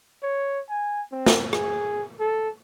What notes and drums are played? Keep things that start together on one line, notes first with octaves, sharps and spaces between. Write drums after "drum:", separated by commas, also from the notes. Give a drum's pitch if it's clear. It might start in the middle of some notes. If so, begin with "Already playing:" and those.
C#5
G#5
C4
drum: snare
G#4, drum: rim click
A4